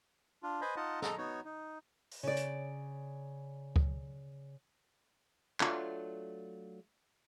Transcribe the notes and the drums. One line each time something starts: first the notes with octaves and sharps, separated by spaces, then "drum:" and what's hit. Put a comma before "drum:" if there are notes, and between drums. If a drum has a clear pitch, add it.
D4 F4
B4 C5 D#5 G#5 B5
D#4 F4 D#5 F#5 A5
A4 D#5 A#5, drum: snare
B3 D#4 F#4 C#5
D#4
drum: open hi-hat
C#3 D5
drum: hi-hat
drum: kick C#2
F#3 A3 D4 F4, drum: clap